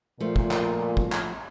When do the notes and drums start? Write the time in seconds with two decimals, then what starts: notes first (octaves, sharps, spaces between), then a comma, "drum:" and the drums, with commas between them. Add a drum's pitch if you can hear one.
0.20 A#2 F3 A3
0.36 drum: kick
0.51 drum: clap
0.97 drum: kick
1.12 drum: clap